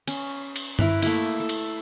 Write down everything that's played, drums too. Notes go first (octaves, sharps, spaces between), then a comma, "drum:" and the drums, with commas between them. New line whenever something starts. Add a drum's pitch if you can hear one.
C#4, drum: cymbal
drum: cymbal
E4 A#4 B4, drum: tom G2
A3 A#3 E4, drum: cymbal
A4
drum: cymbal